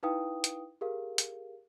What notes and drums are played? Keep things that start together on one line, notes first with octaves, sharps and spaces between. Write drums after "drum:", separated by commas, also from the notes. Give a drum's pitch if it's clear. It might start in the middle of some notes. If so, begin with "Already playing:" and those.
D#4 E4 B4 F5 G5 D#6
drum: hi-hat
G4 G#4 A#4 F5
drum: hi-hat